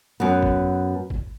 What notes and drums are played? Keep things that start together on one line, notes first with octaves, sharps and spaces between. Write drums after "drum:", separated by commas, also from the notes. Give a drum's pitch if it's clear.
F#2 B3
drum: kick G1
drum: kick G1